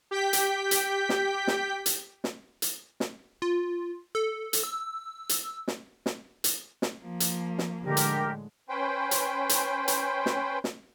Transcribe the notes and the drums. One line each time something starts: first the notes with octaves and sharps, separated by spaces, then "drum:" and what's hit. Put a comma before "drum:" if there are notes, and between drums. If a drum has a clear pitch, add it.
G4 G5 G6 B6
drum: hi-hat
drum: hi-hat
drum: snare
drum: snare
drum: hi-hat
drum: snare
drum: hi-hat
drum: snare
F4
A4
drum: hi-hat
E6
drum: hi-hat
drum: snare
drum: snare
drum: hi-hat
drum: snare
F3 A#3
drum: hi-hat
drum: snare
A2 D3 G#3 G4 A#4
drum: hi-hat
C#4 B4 C5 G5
drum: hi-hat
drum: hi-hat
drum: hi-hat
drum: snare
drum: snare